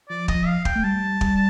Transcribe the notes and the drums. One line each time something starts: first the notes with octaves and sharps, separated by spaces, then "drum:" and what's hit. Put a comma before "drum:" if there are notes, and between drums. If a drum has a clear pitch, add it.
F3 D5
D#5, drum: kick
F3
F5
G5, drum: kick
A3
G3 A5
G3, drum: kick